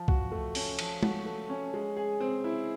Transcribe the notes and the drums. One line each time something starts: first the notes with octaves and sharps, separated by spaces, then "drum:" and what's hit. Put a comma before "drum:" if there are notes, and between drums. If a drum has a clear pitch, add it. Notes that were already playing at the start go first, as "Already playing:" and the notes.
Already playing: F3
F#4, drum: kick B1
A3
C#4, drum: open hi-hat
F3, drum: cymbal
F#4, drum: tom G#3
A3
C#4
G#3
G#4
C4
E4